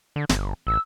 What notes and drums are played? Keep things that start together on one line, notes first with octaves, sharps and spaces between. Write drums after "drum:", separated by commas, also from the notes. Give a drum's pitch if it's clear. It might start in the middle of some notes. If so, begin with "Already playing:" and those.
D3
G1, drum: snare
A1 E6